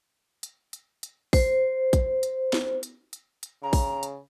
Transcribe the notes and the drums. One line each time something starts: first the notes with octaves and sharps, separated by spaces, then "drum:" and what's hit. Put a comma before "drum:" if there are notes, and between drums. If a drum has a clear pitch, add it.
drum: hi-hat
drum: hi-hat
drum: hi-hat
C5, drum: kick, open hi-hat
drum: kick, hi-hat
drum: hi-hat
drum: snare B3
drum: hi-hat
drum: hi-hat
drum: hi-hat
C#3 A#5
drum: kick, open hi-hat
drum: hi-hat